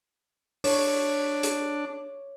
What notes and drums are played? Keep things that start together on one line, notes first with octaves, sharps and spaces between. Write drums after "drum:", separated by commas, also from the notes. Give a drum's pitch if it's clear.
D4 C#5, drum: open hi-hat
drum: hi-hat